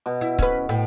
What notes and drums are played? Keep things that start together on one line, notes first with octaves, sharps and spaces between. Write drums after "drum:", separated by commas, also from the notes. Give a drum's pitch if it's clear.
B2
E4
C#4 B4, drum: kick C#1
A2 G5